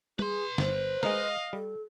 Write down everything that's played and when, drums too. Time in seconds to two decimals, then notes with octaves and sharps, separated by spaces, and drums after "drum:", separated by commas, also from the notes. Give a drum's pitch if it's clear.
0.19 G#4 B4 C6, drum: tom
0.58 G1 C5, drum: snare
1.03 G#3 A#4 D#5 F5, drum: snare
1.53 G3 A4